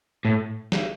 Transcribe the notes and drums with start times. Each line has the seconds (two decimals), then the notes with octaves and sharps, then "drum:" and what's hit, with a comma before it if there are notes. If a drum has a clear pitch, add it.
0.25 A2
0.72 drum: snare